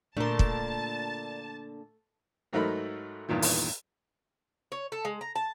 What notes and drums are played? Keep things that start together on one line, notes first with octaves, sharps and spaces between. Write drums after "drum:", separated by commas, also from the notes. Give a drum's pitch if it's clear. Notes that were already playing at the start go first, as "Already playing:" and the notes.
A#2 D3 A3 D4 A#4 A5 C6
drum: kick
G#2 F#3 A3 D#4 A#4 B5
E2 G2 A#2 D#3
drum: open hi-hat
C#5
A4
G#3
A#5
A5